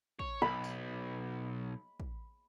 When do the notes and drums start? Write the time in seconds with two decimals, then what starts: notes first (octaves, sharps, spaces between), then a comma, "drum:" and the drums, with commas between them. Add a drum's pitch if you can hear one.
0.19 C#5, drum: kick
0.42 B1 B5
0.64 drum: tambourine
2.00 drum: kick